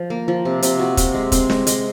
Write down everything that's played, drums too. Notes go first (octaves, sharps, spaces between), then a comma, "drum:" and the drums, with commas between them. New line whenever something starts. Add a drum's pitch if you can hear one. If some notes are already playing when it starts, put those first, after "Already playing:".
Already playing: F3
A#3
F3
C3
C3, drum: hi-hat
F#4
C3, drum: kick, hi-hat
G#3
C4, drum: kick, hi-hat
G#3, drum: snare
G#3, drum: hi-hat